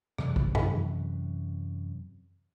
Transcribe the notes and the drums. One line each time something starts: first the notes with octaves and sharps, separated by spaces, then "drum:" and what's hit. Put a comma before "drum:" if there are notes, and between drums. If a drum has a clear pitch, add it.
F#2 C3 E3 F#3, drum: rim click
drum: kick
drum: tom F#2